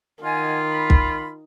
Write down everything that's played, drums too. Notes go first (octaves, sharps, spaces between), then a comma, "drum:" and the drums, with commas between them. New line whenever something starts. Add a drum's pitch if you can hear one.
D#3 F4 D#5 F#5 G#5
B5
drum: kick